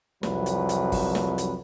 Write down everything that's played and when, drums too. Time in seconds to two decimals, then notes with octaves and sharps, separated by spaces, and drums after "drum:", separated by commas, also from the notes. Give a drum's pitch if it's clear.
0.23 C2 F2 F#3 B4, drum: snare
0.46 drum: hi-hat
0.69 drum: hi-hat
0.92 drum: kick, open hi-hat
1.15 drum: snare
1.38 drum: hi-hat